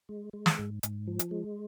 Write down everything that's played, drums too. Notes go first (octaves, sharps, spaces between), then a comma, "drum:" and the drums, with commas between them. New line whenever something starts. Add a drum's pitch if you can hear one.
G#3
G#3
drum: snare
G#2
G#2, drum: hi-hat
F3
drum: hi-hat
G#3